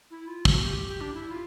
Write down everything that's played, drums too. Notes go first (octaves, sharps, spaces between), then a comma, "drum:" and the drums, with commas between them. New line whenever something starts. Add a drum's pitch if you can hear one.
E4
F4
F#4, drum: kick
G4
G4
D4
E4
F4